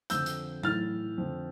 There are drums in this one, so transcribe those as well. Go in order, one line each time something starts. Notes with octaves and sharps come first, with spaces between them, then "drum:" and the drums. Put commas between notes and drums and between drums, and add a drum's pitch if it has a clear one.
F2 D3 E6 G6, drum: hi-hat
drum: hi-hat
A2 E3 F6 A6, drum: tom F#3
F2 D3